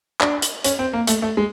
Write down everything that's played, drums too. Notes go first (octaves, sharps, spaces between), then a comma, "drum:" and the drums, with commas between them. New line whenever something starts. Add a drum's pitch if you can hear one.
D4, drum: clap
drum: hi-hat
C#4, drum: hi-hat
C4
A#3
A3, drum: hi-hat
A3
G#3